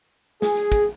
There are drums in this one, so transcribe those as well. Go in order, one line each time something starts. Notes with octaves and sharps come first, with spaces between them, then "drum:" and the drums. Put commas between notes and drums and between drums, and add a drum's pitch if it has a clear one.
G#4, drum: snare
drum: hi-hat
drum: kick, hi-hat